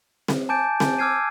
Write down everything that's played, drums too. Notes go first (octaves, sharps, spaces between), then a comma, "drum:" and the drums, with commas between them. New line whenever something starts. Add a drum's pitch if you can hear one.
drum: snare C4
G#5 A5 D6 G6 A6 D7
drum: snare C4
D6 E6 F6 G#6 C7 D#7